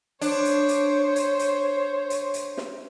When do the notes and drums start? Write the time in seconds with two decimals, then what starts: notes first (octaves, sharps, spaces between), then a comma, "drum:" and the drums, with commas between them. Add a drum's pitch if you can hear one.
0.21 D4 C5 C#5, drum: hi-hat
0.45 drum: hi-hat
0.69 drum: hi-hat
1.16 drum: hi-hat
1.39 drum: hi-hat
2.10 drum: hi-hat
2.34 drum: hi-hat
2.57 drum: snare